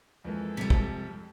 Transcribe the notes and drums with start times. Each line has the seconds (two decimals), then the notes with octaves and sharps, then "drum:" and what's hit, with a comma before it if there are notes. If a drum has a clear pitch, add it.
0.25 F2 E3 G#3 A#3 A4
0.57 F2 C3 G3 G4 B6
0.70 drum: kick